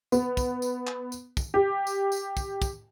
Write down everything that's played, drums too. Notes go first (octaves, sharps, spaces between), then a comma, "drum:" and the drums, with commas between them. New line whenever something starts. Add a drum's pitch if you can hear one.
B3, drum: tambourine
drum: kick, tambourine
drum: tambourine
drum: clap
drum: tambourine
drum: kick, tambourine
G4
drum: tambourine
drum: tambourine
drum: kick, tambourine
drum: kick, tambourine